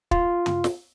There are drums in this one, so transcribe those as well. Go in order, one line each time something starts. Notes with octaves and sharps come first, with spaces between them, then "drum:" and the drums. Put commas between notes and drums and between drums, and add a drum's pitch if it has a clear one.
F4, drum: kick
drum: tom
drum: snare